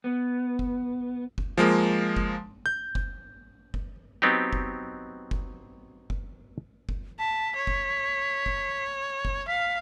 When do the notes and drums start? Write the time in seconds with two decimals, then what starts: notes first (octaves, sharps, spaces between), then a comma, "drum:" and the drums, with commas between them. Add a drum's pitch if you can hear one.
0.04 B3
0.59 drum: kick F#1
1.38 drum: kick F#1
1.58 F3 G#3 A#3
2.17 drum: kick F#1
2.66 G6
2.95 drum: kick F#1
3.74 drum: kick F#1
4.22 F#3 B3 C4 D#4 G4
4.53 drum: kick F#1
5.31 drum: kick F#1
6.10 drum: kick F#1
6.89 drum: kick F#1
7.19 A5 B6
7.56 C#5
7.67 drum: kick F#1
8.46 drum: kick F#1
9.25 drum: kick F#1
9.48 F5 B6